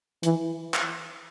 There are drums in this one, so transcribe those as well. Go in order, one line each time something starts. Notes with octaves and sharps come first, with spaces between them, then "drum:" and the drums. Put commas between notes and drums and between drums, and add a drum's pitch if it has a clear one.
E3, drum: hi-hat
drum: clap